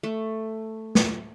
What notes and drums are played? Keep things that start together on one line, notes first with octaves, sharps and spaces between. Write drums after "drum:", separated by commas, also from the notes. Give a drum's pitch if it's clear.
A3
drum: snare